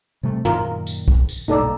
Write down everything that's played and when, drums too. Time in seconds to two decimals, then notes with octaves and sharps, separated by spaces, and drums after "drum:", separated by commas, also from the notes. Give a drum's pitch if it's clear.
0.23 C3 G3 A3
0.45 F#2 A#2 D#3 F4 A#4, drum: tom
0.87 drum: tambourine
1.08 drum: kick B1
1.29 drum: tambourine
1.48 B1 G2 A#2 D#4 A4 D5